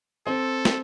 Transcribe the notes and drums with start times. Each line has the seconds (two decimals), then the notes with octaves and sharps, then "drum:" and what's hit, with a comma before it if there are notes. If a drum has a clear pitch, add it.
0.27 C4 A4
0.65 drum: snare